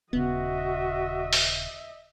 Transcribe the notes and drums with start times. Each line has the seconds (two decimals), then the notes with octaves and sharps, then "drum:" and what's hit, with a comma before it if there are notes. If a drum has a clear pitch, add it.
0.13 D#1 C#3 B3 F#4 D#5 E5
1.33 drum: open hi-hat